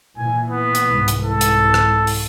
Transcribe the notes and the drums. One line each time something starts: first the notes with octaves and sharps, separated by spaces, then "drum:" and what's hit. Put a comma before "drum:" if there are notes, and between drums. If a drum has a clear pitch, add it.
A#2 E3 G#5
B3
drum: hi-hat
C2 G#2 E3
drum: hi-hat
A4
drum: hi-hat
drum: rim click
drum: open hi-hat